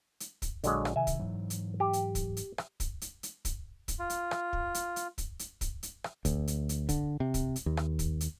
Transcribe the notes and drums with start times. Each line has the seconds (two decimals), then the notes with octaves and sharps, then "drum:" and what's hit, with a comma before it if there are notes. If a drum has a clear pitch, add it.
0.20 drum: hi-hat
0.42 drum: kick, hi-hat
0.64 A#1 D3 F#3 G#3, drum: hi-hat
0.85 drum: rim click
0.96 C3 D#3 E5 G#5
1.07 drum: kick, hi-hat
1.20 G#2 E3 F#3
1.50 drum: hi-hat
1.80 G4
1.93 drum: hi-hat
2.15 drum: kick, hi-hat
2.37 drum: hi-hat
2.58 drum: rim click
2.80 drum: kick, hi-hat
3.01 drum: hi-hat
3.23 drum: hi-hat
3.45 drum: kick, hi-hat
3.88 drum: kick, hi-hat
3.99 F4
4.10 drum: hi-hat
4.31 drum: rim click
4.53 drum: kick
4.75 drum: hi-hat
4.96 drum: hi-hat
5.18 drum: kick, hi-hat
5.39 drum: hi-hat
5.61 drum: kick, hi-hat
5.83 drum: hi-hat
6.04 drum: rim click
6.25 D2, drum: kick, hi-hat
6.48 drum: hi-hat
6.69 drum: hi-hat
6.89 D3, drum: kick, hi-hat
7.20 C3
7.34 drum: kick, hi-hat
7.56 drum: hi-hat
7.66 D#2
7.77 drum: rim click
7.99 drum: kick, hi-hat
8.21 drum: hi-hat